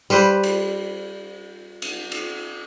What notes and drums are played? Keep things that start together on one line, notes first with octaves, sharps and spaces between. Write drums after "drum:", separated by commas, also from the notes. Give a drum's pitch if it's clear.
G3 B4 C5, drum: tambourine
drum: cymbal
drum: cymbal
drum: cymbal